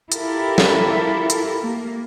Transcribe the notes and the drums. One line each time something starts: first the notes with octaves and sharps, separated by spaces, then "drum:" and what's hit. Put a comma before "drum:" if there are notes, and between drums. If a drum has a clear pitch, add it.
E4 F4 G4 A4 A#4, drum: hi-hat
drum: snare
drum: hi-hat
A#3